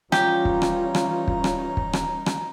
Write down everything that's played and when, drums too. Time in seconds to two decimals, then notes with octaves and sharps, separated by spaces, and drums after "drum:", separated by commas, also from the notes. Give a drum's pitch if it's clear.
0.12 E3 G3 C#4 D#4 F4 G4 A#5, drum: rim click
0.45 drum: kick
0.62 drum: rim click
0.95 drum: rim click
1.28 drum: kick
1.44 drum: rim click
1.77 drum: kick
1.93 drum: rim click
2.26 drum: rim click